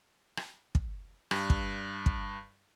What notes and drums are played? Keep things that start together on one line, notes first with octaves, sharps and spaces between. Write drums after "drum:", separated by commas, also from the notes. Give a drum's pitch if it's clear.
drum: rim click
drum: kick
G2, drum: rim click
drum: kick
drum: kick